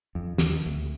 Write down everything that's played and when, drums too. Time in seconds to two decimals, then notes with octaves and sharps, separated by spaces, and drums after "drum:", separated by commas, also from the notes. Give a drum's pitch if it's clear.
0.15 F2
0.38 D#2, drum: snare
0.66 D2